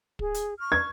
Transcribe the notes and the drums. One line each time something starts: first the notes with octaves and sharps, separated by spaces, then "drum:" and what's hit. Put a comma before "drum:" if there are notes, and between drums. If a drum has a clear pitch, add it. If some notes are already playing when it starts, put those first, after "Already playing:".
G#4, drum: kick
drum: hi-hat
C#6 F6
G#6